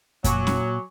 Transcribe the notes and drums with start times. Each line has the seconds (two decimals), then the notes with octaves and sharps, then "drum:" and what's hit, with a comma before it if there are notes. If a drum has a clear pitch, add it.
0.24 A#2 F#3 G#5 C#6 D6, drum: kick F2, hi-hat
0.47 drum: snare C#4